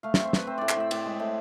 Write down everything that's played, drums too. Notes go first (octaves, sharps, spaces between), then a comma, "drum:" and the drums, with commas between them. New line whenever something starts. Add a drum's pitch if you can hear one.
A3 F5
C4 E5, drum: snare
C5
C4 B4, drum: snare
C4 C5
A2 D5
C5, drum: clap
A2 E5
A2 D5, drum: cymbal
G#3
A2